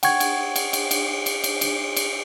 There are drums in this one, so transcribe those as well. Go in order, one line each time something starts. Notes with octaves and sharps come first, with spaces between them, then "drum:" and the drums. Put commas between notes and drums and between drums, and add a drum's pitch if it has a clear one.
F#5 G5 C#6 G#6, drum: cymbal
drum: cymbal
drum: cymbal
drum: cymbal
drum: cymbal
drum: cymbal
drum: cymbal
drum: cymbal
drum: cymbal